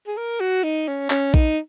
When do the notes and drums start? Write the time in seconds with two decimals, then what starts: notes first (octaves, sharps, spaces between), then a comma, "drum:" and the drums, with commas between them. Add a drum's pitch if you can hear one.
0.07 G#4
0.17 A#4
0.40 F#4
0.64 D#4
0.88 C#4
1.10 C#4, drum: clap
1.34 D#4, drum: kick A#1